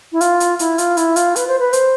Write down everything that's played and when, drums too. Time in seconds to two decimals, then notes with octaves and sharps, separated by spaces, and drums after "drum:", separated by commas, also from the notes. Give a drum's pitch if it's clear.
0.12 E4
0.21 F4, drum: hi-hat
0.40 drum: hi-hat
0.59 E4, drum: hi-hat
0.78 F4, drum: hi-hat
0.97 E4, drum: hi-hat
1.16 F4, drum: hi-hat
1.36 B4, drum: hi-hat
1.48 C5
1.59 B4
1.73 C5, drum: hi-hat